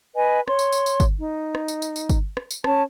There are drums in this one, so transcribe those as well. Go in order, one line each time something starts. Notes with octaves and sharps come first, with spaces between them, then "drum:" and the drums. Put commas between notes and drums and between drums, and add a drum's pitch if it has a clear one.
B4 D#5 G#5
C#5 C6, drum: rim click
drum: tambourine
drum: tambourine
drum: tambourine
drum: kick G1, tambourine
D#4
drum: rim click
drum: tambourine
drum: tambourine
drum: tambourine
drum: kick G1, tambourine
drum: rim click
drum: tambourine
C#4 A5, drum: rim click